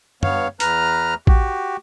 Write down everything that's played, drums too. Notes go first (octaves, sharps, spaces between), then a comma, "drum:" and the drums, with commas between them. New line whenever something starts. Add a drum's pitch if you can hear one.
G2 B3 C#5 F5, drum: tom F#2
E2 B4 A#5 F6, drum: hi-hat
F#4 G4, drum: kick